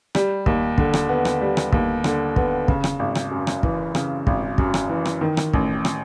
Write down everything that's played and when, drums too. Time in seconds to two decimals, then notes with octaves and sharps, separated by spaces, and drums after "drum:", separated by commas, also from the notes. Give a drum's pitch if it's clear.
0.15 G3, drum: rim click
0.46 D#2, drum: kick
0.78 D3, drum: kick
0.94 drum: rim click
1.09 B3
1.25 drum: rim click
1.41 G3
1.57 drum: rim click
1.72 D#2, drum: kick
2.04 D3, drum: rim click
2.36 B3, drum: kick
2.68 C#3, drum: kick
2.84 drum: rim click
2.99 G#1
3.15 drum: rim click
3.31 F#2
3.47 drum: rim click
3.63 E3, drum: kick
3.95 C#3, drum: rim click
4.27 G#1, drum: kick
4.58 F#2, drum: kick
4.74 drum: rim click
4.89 E3
5.05 drum: rim click
5.21 D#3
5.37 drum: rim click
5.53 A1, drum: kick
5.85 drum: rim click